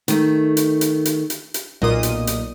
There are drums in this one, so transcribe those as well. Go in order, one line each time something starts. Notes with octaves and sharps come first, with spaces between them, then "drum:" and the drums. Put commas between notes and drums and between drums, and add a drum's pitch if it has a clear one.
D#3 A3, drum: hi-hat
drum: hi-hat
drum: hi-hat
drum: hi-hat
drum: hi-hat
drum: hi-hat
B1 A#2 D#5 D#6
drum: hi-hat
drum: hi-hat